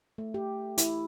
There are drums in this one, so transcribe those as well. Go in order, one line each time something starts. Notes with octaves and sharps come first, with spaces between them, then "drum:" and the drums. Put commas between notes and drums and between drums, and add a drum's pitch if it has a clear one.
A3
G4
E4, drum: hi-hat